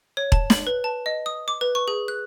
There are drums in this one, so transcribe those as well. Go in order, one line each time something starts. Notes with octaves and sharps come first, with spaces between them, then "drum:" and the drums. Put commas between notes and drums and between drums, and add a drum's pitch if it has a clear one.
C#5
A5, drum: kick E1
F#7, drum: snare
B4
A5
D#5
D#6
D6
B4
C#6
G#4
F#6